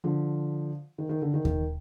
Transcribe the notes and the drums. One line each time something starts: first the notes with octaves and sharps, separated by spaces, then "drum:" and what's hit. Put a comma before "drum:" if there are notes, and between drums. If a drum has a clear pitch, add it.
D3 F3
D#3
D#3
D3
D#3
D#3, drum: kick D#2